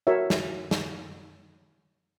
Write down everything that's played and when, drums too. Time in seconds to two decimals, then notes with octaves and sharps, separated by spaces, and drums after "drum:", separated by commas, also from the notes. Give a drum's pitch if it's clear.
0.07 F#4 A#4 C#5 E5
0.30 drum: snare
0.71 drum: snare